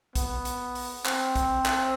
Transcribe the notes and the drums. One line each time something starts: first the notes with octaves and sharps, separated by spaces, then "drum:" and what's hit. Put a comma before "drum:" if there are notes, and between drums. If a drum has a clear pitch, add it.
B3, drum: kick A#1, hi-hat
drum: hi-hat
drum: open hi-hat
C4, drum: clap
drum: kick A#1, hi-hat
drum: clap